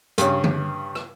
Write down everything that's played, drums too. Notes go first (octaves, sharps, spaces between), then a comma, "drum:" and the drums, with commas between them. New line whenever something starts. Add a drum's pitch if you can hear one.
G2 C#3, drum: hi-hat
drum: tom D3
drum: rim click